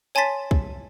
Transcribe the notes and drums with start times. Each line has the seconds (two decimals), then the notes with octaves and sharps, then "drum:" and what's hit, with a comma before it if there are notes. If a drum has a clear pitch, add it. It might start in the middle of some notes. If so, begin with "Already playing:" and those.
0.15 C#5 G#5 A5 C6 A6 B6
0.51 drum: kick